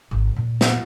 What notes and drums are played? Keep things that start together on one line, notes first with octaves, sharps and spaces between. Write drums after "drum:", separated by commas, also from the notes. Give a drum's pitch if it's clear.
G#1 D#4
A#2
drum: snare